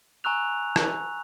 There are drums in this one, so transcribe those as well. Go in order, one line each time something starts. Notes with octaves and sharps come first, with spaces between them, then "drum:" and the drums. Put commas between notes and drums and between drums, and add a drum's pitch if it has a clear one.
G#5 A#5 C#6 E6 F#6 F7
drum: rim click